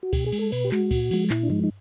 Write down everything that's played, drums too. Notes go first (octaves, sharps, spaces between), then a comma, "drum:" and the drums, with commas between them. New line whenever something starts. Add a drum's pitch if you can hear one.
F#4
B2 G4, drum: kick C#2, cymbal
G#4
G#3, drum: cymbal
A4
B2 B4, drum: cymbal
G4
G#3 F#4, drum: clap
A#2, drum: kick C#2, cymbal
F3 G#3, drum: cymbal
A#2 E4, drum: clap
D4
F3 G#3 D#4, drum: tom G2
D#4